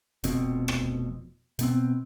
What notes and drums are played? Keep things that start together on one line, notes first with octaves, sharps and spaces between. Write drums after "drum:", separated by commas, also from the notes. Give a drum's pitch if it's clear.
F1 F2 B2 C4, drum: hi-hat
drum: rim click
B2 B3 C4, drum: hi-hat